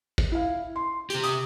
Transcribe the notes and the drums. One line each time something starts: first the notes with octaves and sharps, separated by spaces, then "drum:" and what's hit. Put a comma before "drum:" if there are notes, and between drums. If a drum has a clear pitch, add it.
drum: kick
E4 F5
C6
C3 G4, drum: hi-hat
D#6, drum: hi-hat